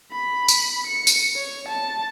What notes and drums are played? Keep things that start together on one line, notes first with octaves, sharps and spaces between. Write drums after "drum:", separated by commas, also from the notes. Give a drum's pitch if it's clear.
B5
drum: tambourine
C#7
drum: tambourine
C#5
A5